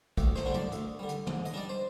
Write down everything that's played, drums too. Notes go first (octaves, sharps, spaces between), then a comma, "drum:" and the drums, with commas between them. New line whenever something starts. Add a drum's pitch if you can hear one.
D2 G4, drum: kick, hi-hat
C5, drum: rim click
D3 G3 D4
D5, drum: tom
D2, drum: hi-hat
D3 G3
drum: hi-hat
G#2, drum: tom
D#5, drum: hi-hat
G3 D4 D5
C5